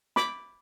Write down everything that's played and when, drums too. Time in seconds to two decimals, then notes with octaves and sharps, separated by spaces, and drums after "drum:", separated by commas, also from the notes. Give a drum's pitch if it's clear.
0.16 B5 D6, drum: snare